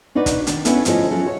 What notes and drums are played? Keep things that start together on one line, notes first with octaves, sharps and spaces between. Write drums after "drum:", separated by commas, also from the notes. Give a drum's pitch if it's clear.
D4 D#4 F#4 B4 D5
drum: kick, hi-hat
D#3 D4, drum: hi-hat
B3 C#4 D4 E4 A4, drum: hi-hat
D2 F3 C#4 A4 D#5, drum: hi-hat
F3 F#3 C#4 A4
F#4 B4 C#5